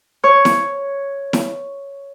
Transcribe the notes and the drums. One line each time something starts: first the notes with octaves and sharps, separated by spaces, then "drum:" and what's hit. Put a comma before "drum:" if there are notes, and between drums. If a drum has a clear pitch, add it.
C#5 C#6
drum: snare E4
drum: snare E4